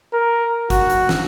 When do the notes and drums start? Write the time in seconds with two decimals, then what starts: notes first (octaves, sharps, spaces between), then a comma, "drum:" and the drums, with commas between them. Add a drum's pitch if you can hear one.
0.13 A#4
0.70 F#4, drum: kick, hi-hat
0.90 drum: hi-hat
1.09 drum: snare